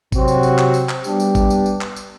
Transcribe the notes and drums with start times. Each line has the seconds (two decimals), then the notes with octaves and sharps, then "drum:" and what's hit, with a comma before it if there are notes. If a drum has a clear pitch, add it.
0.12 C3 F#3 C4 F#4, drum: kick G#1, tambourine
0.28 drum: tambourine
0.43 drum: tambourine
0.58 drum: clap
0.74 drum: tambourine
0.89 drum: clap
1.04 G3 B3 D4 G4, drum: tambourine
1.20 drum: tambourine
1.35 drum: kick G#1, tambourine
1.50 drum: tambourine
1.66 drum: tambourine
1.81 drum: clap
1.96 drum: tambourine